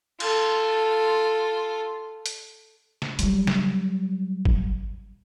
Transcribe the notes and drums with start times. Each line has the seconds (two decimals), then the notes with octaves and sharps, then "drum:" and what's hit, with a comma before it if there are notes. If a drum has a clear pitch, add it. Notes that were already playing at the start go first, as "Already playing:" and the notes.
0.20 F4 A4, drum: cymbal
2.26 drum: hi-hat
3.02 drum: snare
3.19 F#3 G3, drum: hi-hat
3.47 drum: snare
4.45 drum: kick